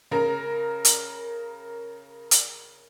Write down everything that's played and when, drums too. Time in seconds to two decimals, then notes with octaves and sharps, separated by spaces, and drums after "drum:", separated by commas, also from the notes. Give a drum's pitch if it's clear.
0.11 C#3 A#4
0.85 drum: hi-hat
2.31 drum: hi-hat